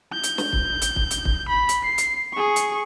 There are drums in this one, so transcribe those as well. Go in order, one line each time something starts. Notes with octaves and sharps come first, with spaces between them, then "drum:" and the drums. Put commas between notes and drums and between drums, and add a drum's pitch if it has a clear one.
G6
drum: hi-hat
drum: snare
drum: kick
drum: hi-hat
drum: kick
drum: hi-hat
drum: kick
B5
drum: hi-hat
C7
drum: hi-hat
G#4 C#6
drum: hi-hat